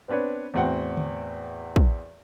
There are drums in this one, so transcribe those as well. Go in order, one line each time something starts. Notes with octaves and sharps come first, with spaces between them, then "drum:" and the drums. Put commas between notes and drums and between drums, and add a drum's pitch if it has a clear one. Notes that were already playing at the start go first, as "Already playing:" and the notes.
B3 C4 D4 B4 C#5
E2 A2 C4 F#4 F#5 G5
drum: tom D3
drum: kick